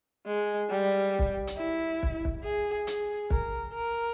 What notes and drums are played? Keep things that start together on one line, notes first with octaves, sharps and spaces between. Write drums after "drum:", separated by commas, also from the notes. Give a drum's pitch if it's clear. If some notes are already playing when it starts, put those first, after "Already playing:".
G#3
G3
drum: kick
drum: hi-hat
E4
drum: kick
drum: kick
G#4
G#4, drum: hi-hat
A#4, drum: kick
A#4